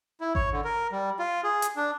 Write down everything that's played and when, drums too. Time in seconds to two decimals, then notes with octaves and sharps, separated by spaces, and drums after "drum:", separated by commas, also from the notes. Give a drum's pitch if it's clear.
0.21 E4
0.35 C#5, drum: kick G#1
0.52 D3
0.64 A#4
0.92 G3
1.19 F4
1.44 G#4
1.62 drum: hi-hat
1.76 D4